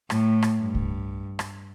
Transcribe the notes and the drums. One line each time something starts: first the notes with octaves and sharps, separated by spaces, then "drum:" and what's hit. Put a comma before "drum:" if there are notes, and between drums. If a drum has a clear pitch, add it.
A2, drum: rim click
drum: rim click
G2
drum: kick C2
drum: rim click